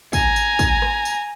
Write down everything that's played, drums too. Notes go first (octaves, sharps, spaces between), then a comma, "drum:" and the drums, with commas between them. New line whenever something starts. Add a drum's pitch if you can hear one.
G#5 A#5, drum: kick, tambourine
drum: tambourine
drum: kick, tambourine
drum: rim click
drum: tambourine